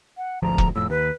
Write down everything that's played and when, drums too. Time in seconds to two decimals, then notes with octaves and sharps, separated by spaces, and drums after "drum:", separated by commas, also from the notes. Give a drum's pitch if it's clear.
0.17 F#5
0.42 G#1 D2 F3 A#5
0.58 drum: kick
0.76 F2 A2 E6
0.90 D#2 B4